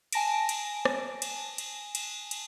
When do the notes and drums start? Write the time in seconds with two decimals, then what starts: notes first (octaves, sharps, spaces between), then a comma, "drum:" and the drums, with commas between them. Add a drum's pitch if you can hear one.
0.13 G#5 A5 A#6 D7, drum: cymbal
0.49 drum: cymbal
0.85 drum: rim click
1.22 drum: cymbal
1.58 drum: cymbal
1.95 drum: cymbal
2.31 drum: cymbal